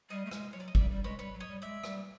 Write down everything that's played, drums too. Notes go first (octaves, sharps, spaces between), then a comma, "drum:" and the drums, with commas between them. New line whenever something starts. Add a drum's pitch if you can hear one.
G3 D#5 F5
A3
G#3, drum: rim click
F#3 C#5
D5
D#5
G3 D5 E5, drum: kick
G3
G#3 B4 C#5
G3 B4 C#5
F#3
C#5 D#5
G3
G#3 D5 E5
G3, drum: rim click